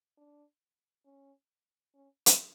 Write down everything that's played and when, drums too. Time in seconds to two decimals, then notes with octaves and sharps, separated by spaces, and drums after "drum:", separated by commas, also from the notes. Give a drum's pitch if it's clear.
0.17 D4
1.06 C#4
1.94 C#4
2.26 drum: hi-hat